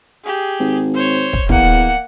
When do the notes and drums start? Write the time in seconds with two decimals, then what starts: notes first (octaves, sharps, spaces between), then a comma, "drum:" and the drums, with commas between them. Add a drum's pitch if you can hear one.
0.24 G4 G#4
0.60 G#1
0.94 C5 C#5
1.33 drum: kick
1.49 E2 A#3 F#5, drum: kick